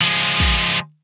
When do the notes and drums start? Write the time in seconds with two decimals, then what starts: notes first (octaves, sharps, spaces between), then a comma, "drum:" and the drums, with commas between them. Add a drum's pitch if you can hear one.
0.01 F3 G#3
0.40 drum: kick, hi-hat